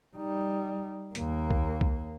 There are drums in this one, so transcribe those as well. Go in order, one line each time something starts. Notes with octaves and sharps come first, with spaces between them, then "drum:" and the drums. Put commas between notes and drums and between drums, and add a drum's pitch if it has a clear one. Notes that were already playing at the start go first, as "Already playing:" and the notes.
G3 D#4
D#2 A#3, drum: hi-hat
drum: kick C2
drum: kick C2